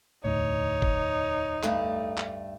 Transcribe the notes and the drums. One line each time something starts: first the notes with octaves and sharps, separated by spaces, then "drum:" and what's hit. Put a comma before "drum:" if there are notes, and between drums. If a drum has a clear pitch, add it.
E1 D2 A2 D#4 C#5
drum: kick
G2 A3, drum: clap
drum: clap